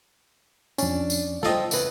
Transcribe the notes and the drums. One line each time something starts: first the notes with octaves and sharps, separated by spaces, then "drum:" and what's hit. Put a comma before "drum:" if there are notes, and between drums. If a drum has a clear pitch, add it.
F2 C#4 D4, drum: tambourine
drum: tambourine
F4 A4 C5 D#5 G5, drum: snare
E2 C#3 B4, drum: tambourine